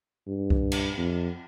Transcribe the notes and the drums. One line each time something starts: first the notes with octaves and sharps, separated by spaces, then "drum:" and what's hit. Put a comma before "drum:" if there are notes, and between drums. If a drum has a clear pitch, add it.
G2
drum: kick C2
drum: cymbal
F2